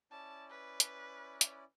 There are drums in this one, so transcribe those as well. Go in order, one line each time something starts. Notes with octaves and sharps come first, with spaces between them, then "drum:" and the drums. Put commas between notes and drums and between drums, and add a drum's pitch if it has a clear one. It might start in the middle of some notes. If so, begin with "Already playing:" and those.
C#4 E4 D5 A5
B4
drum: hi-hat
drum: hi-hat